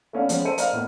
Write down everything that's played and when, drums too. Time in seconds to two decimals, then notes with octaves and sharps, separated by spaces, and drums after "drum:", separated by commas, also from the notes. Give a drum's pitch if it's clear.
0.13 A3 B3 C#4 D4 F5
0.29 F3 G#3 B3 C#4, drum: hi-hat
0.45 A4 C5 C#7 D#7
0.58 A#4 D5 D#5 F5 A#5 F6, drum: hi-hat
0.73 A2 B3